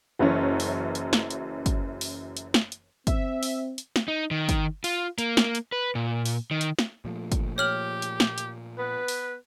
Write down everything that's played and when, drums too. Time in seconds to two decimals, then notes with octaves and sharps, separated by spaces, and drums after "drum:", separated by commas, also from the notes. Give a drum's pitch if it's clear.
0.19 F#1 F#2 E3 C#4
0.60 drum: open hi-hat
0.95 drum: hi-hat
1.13 drum: snare
1.30 drum: hi-hat
1.66 drum: kick, hi-hat
2.01 drum: open hi-hat
2.37 drum: hi-hat
2.54 drum: snare
2.72 drum: hi-hat
3.07 C4 E5, drum: kick, hi-hat
3.43 drum: open hi-hat
3.78 drum: hi-hat
3.96 drum: snare
4.08 D#4
4.31 D#3
4.49 drum: kick, hi-hat
4.84 F4, drum: open hi-hat
5.18 A#3, drum: hi-hat
5.37 drum: snare
5.55 drum: hi-hat
5.72 B4
5.95 A#2
6.26 drum: open hi-hat
6.51 D#3
6.61 drum: hi-hat
6.79 drum: snare
7.05 A#2 F3 A3
7.32 drum: kick, hi-hat
7.58 G4 C#5 F6 F#7
8.02 drum: hi-hat
8.20 drum: snare
8.38 drum: hi-hat
8.78 B3 B4
9.08 drum: open hi-hat